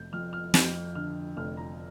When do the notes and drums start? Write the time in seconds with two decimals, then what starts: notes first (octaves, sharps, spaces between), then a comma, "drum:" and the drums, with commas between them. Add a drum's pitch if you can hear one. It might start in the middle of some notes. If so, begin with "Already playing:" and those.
Already playing: F1 G6
0.13 F2 F6
0.33 F6
0.54 F2 G6, drum: snare
0.95 D3 F6
1.37 F1 F6
1.57 A#5